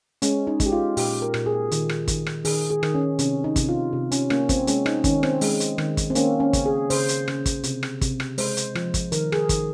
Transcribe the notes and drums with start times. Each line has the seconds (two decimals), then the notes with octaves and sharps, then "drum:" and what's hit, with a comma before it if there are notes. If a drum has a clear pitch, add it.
0.22 G#3 C#4, drum: hi-hat
0.47 D#4
0.60 G#3, drum: kick, hi-hat
0.66 G4
0.72 F4
0.97 A#2 G4, drum: open hi-hat
1.22 A#4
1.34 A#2, drum: rim click
1.46 G#4
1.71 D#3, drum: hi-hat
1.89 drum: rim click
2.08 D#3, drum: kick, hi-hat
2.26 drum: rim click
2.45 D#3 G#4, drum: open hi-hat
2.70 G#4
2.83 D#3, drum: rim click
2.95 C#4
3.19 C3 C#4, drum: hi-hat
3.44 D#4
3.56 C3, drum: kick, hi-hat
3.69 F4
3.93 C3
4.12 C#4, drum: hi-hat
4.30 A#3 C#4, drum: rim click
4.49 C4, drum: kick, hi-hat
4.67 G#3 C#4, drum: hi-hat
4.86 D#4, drum: rim click
5.04 D#3 C#4, drum: kick, hi-hat
5.23 C4, drum: rim click
5.41 G#3, drum: open hi-hat
5.60 drum: hi-hat
5.78 D#3, drum: rim click
5.97 drum: kick, hi-hat
6.10 C4
6.15 A#3 C#4, drum: hi-hat
6.40 C#4
6.53 C#3, drum: kick, hi-hat
6.66 G#4
6.90 C#3 C5, drum: open hi-hat
7.08 drum: hi-hat
7.28 C#3, drum: rim click
7.46 drum: kick, hi-hat
7.63 C3, drum: hi-hat
7.83 drum: rim click
8.01 C3, drum: kick, hi-hat
8.20 drum: rim click
8.38 G#3 C5, drum: open hi-hat
8.57 drum: hi-hat
8.75 F3, drum: rim click
8.94 drum: kick, hi-hat
9.12 D#3 A#4, drum: hi-hat
9.32 G#4, drum: rim click
9.37 A#4
9.49 D#3, drum: kick, hi-hat